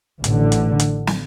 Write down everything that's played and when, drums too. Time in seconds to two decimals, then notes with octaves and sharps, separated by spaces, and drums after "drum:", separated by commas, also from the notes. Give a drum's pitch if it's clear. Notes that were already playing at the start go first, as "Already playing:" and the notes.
0.24 A1 A2 D3, drum: hi-hat
0.52 drum: hi-hat
0.80 drum: hi-hat
1.07 drum: snare